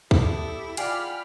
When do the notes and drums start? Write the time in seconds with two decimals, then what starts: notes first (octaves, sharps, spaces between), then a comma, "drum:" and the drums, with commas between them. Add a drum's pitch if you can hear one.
0.11 B3 E4 G4 A4 D5, drum: kick
0.77 F4 G#4 D5 F#5 G5 B5 D6 F6, drum: hi-hat